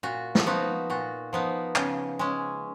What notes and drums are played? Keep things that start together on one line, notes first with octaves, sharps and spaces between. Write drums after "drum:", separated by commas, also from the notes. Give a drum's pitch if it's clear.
A#2 F#4
drum: snare
F3 B3 D#4 F#4
A#2 F#4
F3 B3 D#4
C#3, drum: clap
G#3 C#4